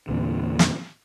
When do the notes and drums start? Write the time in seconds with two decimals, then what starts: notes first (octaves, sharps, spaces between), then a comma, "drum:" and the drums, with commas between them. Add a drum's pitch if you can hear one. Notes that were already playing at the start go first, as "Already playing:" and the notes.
0.09 E2 A#2 D3
0.59 drum: snare